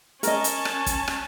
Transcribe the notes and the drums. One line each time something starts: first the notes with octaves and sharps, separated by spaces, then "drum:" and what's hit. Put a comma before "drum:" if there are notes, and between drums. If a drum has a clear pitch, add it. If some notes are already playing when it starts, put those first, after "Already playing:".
C#4 A#4 D#5 A5, drum: hi-hat
drum: hi-hat
drum: rim click
drum: kick, hi-hat
drum: rim click